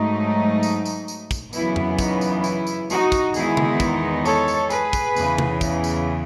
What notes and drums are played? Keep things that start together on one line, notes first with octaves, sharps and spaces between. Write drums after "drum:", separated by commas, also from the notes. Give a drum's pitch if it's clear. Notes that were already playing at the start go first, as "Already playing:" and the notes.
Already playing: G#2 F#3 A3 D#4
drum: tambourine
drum: tambourine
drum: tambourine
drum: kick, tambourine
F#2 C#3 E3 B3 E4, drum: tambourine
drum: tom F2
D#4, drum: kick, tambourine
drum: tambourine
E4, drum: tambourine
drum: tambourine
D#4 F#4, drum: tambourine
drum: kick, tambourine
E2 D#3 G#3 B3 D#4 E4 G#4, drum: tambourine
drum: tom C#3
drum: kick, tambourine
A4 C#5, drum: tambourine
drum: tambourine
G#4 B4, drum: tambourine
drum: kick, tambourine
E2 C#3 E3, drum: tambourine
drum: tom C3
drum: kick, tambourine
drum: tambourine